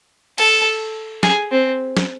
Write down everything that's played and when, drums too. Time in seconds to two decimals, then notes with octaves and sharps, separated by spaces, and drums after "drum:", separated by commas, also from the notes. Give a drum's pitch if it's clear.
0.38 A4, drum: cymbal
1.23 G#4, drum: snare
1.51 C4
1.97 drum: snare